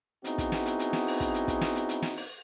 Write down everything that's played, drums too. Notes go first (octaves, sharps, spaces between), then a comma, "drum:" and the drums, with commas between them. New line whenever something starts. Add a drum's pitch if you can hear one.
B3 C4 D#4 E4 F#4 G#4, drum: hi-hat
drum: kick, hi-hat
drum: snare
drum: hi-hat
drum: hi-hat
drum: snare
drum: open hi-hat
drum: kick, hi-hat
drum: hi-hat
drum: kick, hi-hat
drum: snare
drum: hi-hat
drum: hi-hat
drum: snare
drum: open hi-hat